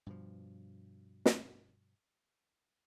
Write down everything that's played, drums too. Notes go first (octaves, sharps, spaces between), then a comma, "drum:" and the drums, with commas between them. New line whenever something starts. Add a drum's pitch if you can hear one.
G2 B2 F3
drum: snare